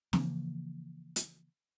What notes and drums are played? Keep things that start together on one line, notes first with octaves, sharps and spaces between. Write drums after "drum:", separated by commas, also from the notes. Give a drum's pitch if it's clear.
C#3 E3 F3 A#3, drum: snare
drum: hi-hat